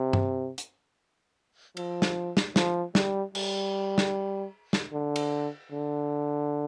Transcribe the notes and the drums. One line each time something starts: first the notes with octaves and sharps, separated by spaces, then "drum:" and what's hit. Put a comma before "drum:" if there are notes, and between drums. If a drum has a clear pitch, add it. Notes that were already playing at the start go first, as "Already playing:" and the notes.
Already playing: C3
drum: tom G2
drum: hi-hat
F3, drum: cymbal
drum: snare
drum: snare
F3, drum: snare
G3, drum: snare
G3, drum: cymbal
drum: snare
drum: snare
D3
drum: cymbal
D3